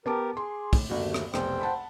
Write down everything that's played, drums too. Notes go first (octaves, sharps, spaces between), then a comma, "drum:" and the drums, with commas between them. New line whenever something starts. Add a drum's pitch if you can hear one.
B3 G4 A#4 A5 D6
G#4 C6
A2, drum: kick, open hi-hat
G1 D#2 A3 F#4
drum: rim click
F1 B1 C5 G5, drum: rim click
F#5 A5 B5